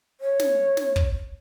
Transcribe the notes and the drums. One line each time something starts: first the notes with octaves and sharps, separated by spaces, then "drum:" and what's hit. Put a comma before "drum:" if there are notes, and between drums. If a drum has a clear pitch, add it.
C#5
drum: snare
drum: snare
drum: kick